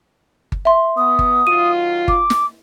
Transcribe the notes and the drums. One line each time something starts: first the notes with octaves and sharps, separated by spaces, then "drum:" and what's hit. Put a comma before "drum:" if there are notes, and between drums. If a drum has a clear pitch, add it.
drum: kick G1
E5 C6
B3 D#6
drum: kick G1
D#3 F#3 F4 D#7
D6, drum: kick G1
drum: snare